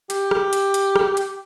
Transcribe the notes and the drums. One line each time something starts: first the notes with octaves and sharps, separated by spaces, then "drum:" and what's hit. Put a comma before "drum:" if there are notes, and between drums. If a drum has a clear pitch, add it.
G4, drum: hi-hat
drum: rim click
drum: hi-hat
drum: hi-hat
drum: rim click
drum: hi-hat